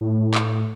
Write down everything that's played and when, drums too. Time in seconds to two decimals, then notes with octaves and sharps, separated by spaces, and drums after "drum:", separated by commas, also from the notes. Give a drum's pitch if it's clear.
0.01 A2
0.34 drum: clap